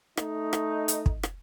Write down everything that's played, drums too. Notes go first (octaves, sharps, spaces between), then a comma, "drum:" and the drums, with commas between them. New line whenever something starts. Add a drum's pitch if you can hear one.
A3 D#4, drum: rim click
drum: rim click
drum: hi-hat
drum: kick
drum: rim click